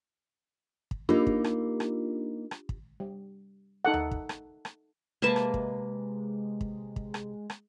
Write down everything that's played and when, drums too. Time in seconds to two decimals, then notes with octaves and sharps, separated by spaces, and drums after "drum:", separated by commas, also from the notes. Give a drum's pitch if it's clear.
0.91 drum: kick
1.09 A#3 D4 D#4 F4 G4
1.27 drum: kick
1.44 drum: rim click
1.80 drum: rim click
2.51 drum: rim click
2.69 drum: kick
3.00 G3
3.85 D#4 A4 F#5
3.94 drum: tom D#2
4.11 drum: kick
4.29 drum: rim click
4.65 drum: rim click
5.22 C3 G#3 A#3 G#4 B4 E5 A5
5.36 drum: rim click
5.54 drum: kick
6.61 drum: kick
6.96 drum: kick
7.14 drum: rim click
7.50 drum: rim click